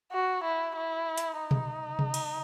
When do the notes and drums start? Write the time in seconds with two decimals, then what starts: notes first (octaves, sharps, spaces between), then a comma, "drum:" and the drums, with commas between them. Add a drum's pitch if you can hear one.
0.12 F#4
0.44 E4
0.77 E4
1.18 drum: hi-hat
1.40 D#4
1.51 drum: tom B2
1.99 drum: tom C3
2.14 drum: cymbal